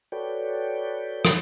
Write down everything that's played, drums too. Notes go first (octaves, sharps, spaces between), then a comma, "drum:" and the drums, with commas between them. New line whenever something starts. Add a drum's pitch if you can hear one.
F#4 A4 B4 C#5 D5 G5
drum: rim click